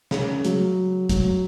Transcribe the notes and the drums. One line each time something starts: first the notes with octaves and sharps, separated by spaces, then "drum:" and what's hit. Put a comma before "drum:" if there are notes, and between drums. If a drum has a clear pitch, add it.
C#3, drum: snare
F#3, drum: hi-hat
F#3, drum: kick, hi-hat